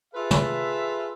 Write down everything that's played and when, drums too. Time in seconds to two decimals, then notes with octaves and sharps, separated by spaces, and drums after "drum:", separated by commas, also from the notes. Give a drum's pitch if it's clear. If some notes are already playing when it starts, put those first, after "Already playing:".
0.14 F4 G#4 A4 B4 E5
0.31 drum: tom